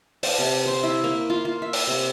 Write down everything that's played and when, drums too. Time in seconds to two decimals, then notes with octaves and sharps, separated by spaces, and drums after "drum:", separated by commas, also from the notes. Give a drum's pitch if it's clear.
0.23 A5, drum: open hi-hat
0.38 C3
0.66 C5
0.83 E4
1.04 A#3
1.30 F4
1.45 F4
1.62 E5
1.73 drum: open hi-hat
1.88 C3